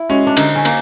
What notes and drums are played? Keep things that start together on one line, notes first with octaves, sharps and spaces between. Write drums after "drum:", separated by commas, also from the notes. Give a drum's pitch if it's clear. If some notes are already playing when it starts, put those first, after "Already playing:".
Already playing: E4
G#3 C#4 F#4
D4
D3 D#4, drum: cymbal
C#4
A#3, drum: cymbal